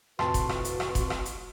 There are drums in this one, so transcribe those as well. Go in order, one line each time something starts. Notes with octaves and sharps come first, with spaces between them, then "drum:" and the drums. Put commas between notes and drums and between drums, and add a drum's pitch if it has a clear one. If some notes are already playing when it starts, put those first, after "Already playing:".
F2 A2 C3 F#4 B4 A5 C6, drum: rim click
drum: kick F1, hi-hat
drum: rim click
drum: hi-hat
drum: rim click
drum: kick F1, hi-hat
drum: rim click
drum: hi-hat